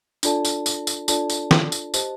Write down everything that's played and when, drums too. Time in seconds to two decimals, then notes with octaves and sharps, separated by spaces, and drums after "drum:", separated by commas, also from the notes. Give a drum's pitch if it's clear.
0.23 D4 F4 A4 D5 A5, drum: tambourine
0.45 drum: tambourine
0.66 drum: tambourine
0.87 drum: tambourine
1.08 D4 F4 A4 D5 A5, drum: tambourine
1.30 drum: tambourine
1.51 drum: snare
1.72 drum: tambourine
1.94 G4 C5 D#5 A5, drum: tambourine